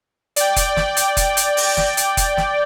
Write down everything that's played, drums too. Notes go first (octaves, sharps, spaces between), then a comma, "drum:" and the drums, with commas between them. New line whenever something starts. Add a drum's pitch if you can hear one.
D5 G5, drum: hi-hat
drum: kick F1, hi-hat
drum: snare
drum: hi-hat
drum: kick F1, hi-hat
drum: hi-hat
drum: open hi-hat
drum: snare
drum: hi-hat
drum: kick F1, hi-hat
drum: snare